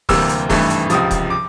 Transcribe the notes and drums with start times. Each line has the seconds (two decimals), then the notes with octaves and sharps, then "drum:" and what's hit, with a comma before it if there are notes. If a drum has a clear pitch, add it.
0.09 D2 C3 E3 G3 A#3 E6, drum: kick D#1, open hi-hat
0.29 drum: hi-hat
0.50 G#1 G2 E3 A3, drum: kick D#1, open hi-hat
0.70 drum: hi-hat
0.90 C#2 C3 F3 D#6, drum: hi-hat
1.11 drum: kick D#1, hi-hat
1.30 D6